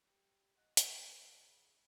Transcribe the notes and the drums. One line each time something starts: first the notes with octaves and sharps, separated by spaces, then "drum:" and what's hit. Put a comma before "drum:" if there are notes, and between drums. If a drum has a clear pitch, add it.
G3
F#4 D#5 F#5
F#3 D4, drum: hi-hat
F4 B4 C#5 D5
B2 D4 G5
C#3